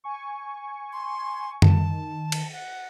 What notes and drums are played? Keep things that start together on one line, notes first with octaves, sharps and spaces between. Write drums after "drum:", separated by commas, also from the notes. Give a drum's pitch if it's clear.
G#5 C#6
C6
D#3 A5, drum: tom F#2
drum: cymbal
F#5